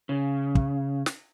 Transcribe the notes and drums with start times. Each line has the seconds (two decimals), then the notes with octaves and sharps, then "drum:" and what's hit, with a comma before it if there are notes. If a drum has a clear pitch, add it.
0.09 C#3
0.55 drum: kick
1.06 drum: snare